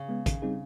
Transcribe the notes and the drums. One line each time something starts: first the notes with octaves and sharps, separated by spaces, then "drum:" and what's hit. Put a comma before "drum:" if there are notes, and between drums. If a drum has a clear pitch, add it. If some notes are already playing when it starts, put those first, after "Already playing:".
Already playing: C#3
G#3 B3
D#3, drum: kick, hi-hat
G3 C4 D#4 G#4